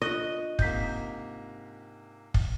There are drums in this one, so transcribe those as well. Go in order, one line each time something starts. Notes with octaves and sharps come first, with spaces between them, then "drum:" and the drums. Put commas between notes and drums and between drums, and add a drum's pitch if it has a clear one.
D4 F4 D#5 C#6 D#6 F#6
G#2 C3 A#3 G6 B6, drum: kick
drum: kick